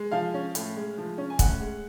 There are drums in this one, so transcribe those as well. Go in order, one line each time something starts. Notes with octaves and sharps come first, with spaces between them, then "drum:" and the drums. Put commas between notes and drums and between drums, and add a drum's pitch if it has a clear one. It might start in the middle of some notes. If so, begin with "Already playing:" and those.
Already playing: G#3
F3 F5
C#4
A2, drum: hi-hat
G#3
F3
C#4
G#5
A2 F#5, drum: kick, hi-hat
G#3